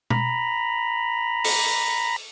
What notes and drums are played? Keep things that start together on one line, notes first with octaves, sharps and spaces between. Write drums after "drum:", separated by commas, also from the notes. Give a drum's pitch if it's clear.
A#5 B5, drum: tom
drum: open hi-hat